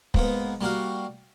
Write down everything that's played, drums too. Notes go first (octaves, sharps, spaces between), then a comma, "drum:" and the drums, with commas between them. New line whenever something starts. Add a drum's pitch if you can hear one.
G#2 A#3 B3, drum: kick
G3 A#3 F#4 F5